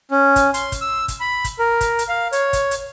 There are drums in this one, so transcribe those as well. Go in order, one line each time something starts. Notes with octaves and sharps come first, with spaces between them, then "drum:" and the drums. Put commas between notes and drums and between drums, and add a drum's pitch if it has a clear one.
C#4
drum: kick, hi-hat
C6, drum: hi-hat
drum: kick, hi-hat
E6
drum: kick, hi-hat
B5
drum: kick, hi-hat
A#4
drum: kick, hi-hat
drum: hi-hat
F5
C#5, drum: hi-hat
drum: kick, hi-hat
drum: hi-hat